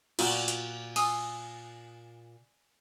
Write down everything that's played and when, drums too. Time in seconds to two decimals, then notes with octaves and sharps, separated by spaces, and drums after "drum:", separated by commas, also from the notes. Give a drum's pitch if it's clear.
0.19 A#2 F4 F#4, drum: cymbal
0.48 drum: hi-hat
0.96 G#5 D#6 E6, drum: cymbal